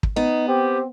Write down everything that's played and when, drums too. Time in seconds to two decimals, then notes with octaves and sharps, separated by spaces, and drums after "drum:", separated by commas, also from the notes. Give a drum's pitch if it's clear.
0.03 drum: kick
0.16 B3 D#4
0.48 C4 G4